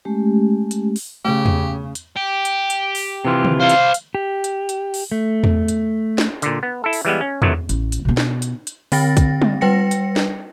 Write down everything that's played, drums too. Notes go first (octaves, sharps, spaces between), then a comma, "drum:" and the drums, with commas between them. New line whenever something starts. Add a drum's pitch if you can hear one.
G#3 A3 C#4 G4
drum: hi-hat
drum: open hi-hat
C#3 A3 G4
drum: tom E2
drum: hi-hat
G4
drum: hi-hat
drum: hi-hat
drum: open hi-hat
C3 E3 F4
drum: tom D3
C5 D5 F5
drum: hi-hat
drum: hi-hat
G4
drum: hi-hat
drum: hi-hat
drum: open hi-hat
A3
drum: tom E2
drum: hi-hat
drum: snare
A#2 D3, drum: hi-hat
B3
E4 A4
drum: open hi-hat
E3 G3 G#3 B3
C#4
C3 D#3 E3 F#3 A3, drum: tom E2
A1, drum: hi-hat
drum: hi-hat
B2 B3
drum: snare
drum: hi-hat
drum: hi-hat
D3 C4 G5 A6 A#6, drum: open hi-hat
drum: kick, hi-hat
drum: tom G3
G3 B4 G5 A#6 C#7
drum: hi-hat
drum: snare